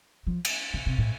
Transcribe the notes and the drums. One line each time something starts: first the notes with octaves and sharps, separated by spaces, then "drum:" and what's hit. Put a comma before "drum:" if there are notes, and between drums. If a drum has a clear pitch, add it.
F3
drum: cymbal
D3
C3
A2